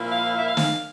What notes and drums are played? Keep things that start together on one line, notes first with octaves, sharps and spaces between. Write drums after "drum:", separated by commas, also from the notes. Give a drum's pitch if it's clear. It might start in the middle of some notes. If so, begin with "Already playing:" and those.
Already playing: A#2 F3 A#3 E4
F5
E5
F5
drum: snare